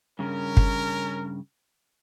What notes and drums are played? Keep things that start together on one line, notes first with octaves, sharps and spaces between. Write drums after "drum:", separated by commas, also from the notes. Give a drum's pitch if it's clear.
G2 C#3 C#4 A#4
drum: kick